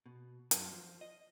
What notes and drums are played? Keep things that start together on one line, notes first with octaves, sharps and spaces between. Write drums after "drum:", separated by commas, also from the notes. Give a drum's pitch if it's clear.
B2
F#2, drum: hi-hat
F3
D#5